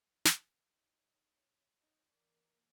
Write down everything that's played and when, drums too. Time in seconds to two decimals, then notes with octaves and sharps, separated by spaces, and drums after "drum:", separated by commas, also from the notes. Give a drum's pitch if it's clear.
0.25 drum: snare
0.68 D#4 C#5
1.79 D#4
2.12 E3 A#3 A#4 D5